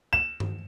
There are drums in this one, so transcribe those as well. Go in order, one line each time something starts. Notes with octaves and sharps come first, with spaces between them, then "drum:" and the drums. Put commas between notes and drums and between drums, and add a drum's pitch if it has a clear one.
E7
drum: tom G2